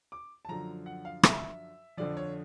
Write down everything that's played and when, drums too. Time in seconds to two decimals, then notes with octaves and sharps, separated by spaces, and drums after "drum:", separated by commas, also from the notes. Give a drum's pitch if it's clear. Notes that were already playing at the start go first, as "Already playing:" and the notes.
0.12 D6
0.45 A5
0.49 F#2 D3 F3 A#5
0.86 F#5
1.05 F5
1.23 E5, drum: rim click
1.97 F2 D3 F3 D5
2.17 C#5